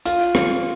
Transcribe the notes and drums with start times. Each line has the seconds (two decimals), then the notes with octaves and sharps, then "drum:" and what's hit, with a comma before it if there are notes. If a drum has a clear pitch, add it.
0.06 F4, drum: hi-hat
0.35 drum: rim click